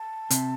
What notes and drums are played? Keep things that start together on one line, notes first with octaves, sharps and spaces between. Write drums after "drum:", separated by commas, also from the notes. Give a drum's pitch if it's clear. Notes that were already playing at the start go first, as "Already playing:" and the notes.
Already playing: A5
C3, drum: hi-hat